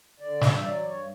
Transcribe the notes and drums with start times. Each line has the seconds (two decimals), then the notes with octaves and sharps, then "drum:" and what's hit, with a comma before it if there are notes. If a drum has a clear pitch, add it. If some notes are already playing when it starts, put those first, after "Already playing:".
0.20 D3 D5
0.41 G2 E5, drum: snare
0.63 F#3 D5
0.84 G2 C#5